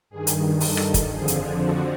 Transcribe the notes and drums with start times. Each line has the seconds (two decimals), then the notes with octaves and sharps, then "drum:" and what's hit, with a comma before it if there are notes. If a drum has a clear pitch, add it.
0.10 G2 D#3 G#4
0.27 drum: hi-hat
0.60 A4, drum: open hi-hat
0.77 drum: rim click
0.94 drum: kick, hi-hat
1.11 F2 D3 F3 G#4
1.28 drum: hi-hat
1.61 F#4